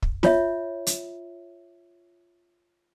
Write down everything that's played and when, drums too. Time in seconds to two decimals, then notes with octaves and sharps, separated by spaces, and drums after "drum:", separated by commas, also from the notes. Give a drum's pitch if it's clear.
0.02 drum: kick
0.23 F4 C#5 E5, drum: snare
0.87 drum: hi-hat